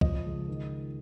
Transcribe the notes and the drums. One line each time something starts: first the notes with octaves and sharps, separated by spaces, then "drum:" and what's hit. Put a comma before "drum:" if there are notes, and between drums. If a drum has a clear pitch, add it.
F3 D#5, drum: kick
C#2
D#3